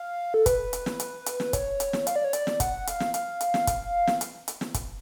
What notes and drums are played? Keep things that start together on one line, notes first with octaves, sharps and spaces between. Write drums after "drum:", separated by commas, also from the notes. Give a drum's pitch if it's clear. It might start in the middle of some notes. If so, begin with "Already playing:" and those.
Already playing: F5
A4
B4, drum: kick, hi-hat
drum: hi-hat
drum: snare
drum: hi-hat
drum: hi-hat
drum: snare
C#5, drum: kick, hi-hat
drum: hi-hat
drum: snare
F5, drum: hi-hat
D5
C#5
D5, drum: hi-hat
drum: snare
F#5, drum: kick, hi-hat
F5, drum: hi-hat
drum: snare
F5, drum: hi-hat
drum: hi-hat
drum: snare
drum: kick, hi-hat
drum: snare
drum: hi-hat
drum: hi-hat
drum: snare
drum: kick, hi-hat